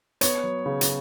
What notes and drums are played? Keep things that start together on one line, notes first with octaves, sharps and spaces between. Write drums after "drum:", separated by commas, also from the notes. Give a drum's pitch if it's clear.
B3 C#5, drum: hi-hat
F#3
C#3
drum: hi-hat